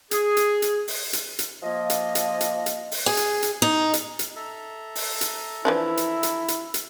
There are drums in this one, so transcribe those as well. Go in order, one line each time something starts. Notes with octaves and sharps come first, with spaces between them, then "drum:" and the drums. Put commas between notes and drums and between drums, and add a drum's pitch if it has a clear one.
G#4, drum: hi-hat
drum: hi-hat
drum: hi-hat
drum: open hi-hat
drum: hi-hat
drum: hi-hat
F3 A#3 D#5
drum: hi-hat
drum: hi-hat
drum: hi-hat
drum: hi-hat
drum: open hi-hat
G#4
drum: hi-hat
drum: hi-hat
D#4
drum: hi-hat
drum: hi-hat
A4 E5 A#5
drum: open hi-hat
drum: hi-hat
E3 F3 D4 E4
drum: hi-hat
drum: hi-hat
drum: hi-hat
drum: hi-hat